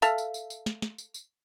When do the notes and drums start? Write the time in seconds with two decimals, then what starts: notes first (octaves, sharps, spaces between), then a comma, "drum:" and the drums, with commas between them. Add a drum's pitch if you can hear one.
0.02 A4 E5 F5, drum: tambourine
0.18 drum: tambourine
0.34 drum: tambourine
0.50 drum: tambourine
0.66 drum: snare
0.82 drum: snare
0.98 drum: tambourine
1.14 drum: tambourine